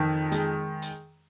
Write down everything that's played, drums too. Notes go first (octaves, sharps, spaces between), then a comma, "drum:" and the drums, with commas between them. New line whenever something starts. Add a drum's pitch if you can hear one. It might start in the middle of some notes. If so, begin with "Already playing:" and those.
Already playing: F2 D#3
G#3, drum: hi-hat
drum: hi-hat